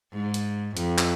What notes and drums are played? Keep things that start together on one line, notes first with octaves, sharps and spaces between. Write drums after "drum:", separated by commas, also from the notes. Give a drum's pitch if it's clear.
G#2
drum: hi-hat
F2, drum: hi-hat
drum: clap